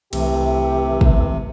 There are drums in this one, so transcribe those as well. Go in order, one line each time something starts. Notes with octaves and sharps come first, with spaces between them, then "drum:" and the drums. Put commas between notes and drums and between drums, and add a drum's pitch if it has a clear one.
C2 C3 E3 A3 G4, drum: cymbal
drum: kick